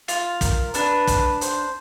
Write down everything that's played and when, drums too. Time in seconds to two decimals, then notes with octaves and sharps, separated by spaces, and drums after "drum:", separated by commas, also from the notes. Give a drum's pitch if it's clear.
0.08 F4, drum: hi-hat
0.41 A#4, drum: kick, hi-hat
0.74 D4 B4, drum: hi-hat
1.08 drum: kick, hi-hat
1.41 C5, drum: hi-hat